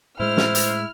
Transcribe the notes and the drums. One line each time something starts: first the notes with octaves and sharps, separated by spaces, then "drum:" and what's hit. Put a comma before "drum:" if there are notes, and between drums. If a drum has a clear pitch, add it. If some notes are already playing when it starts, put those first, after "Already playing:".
A2 G#3 E4 C5 F6
drum: snare
drum: hi-hat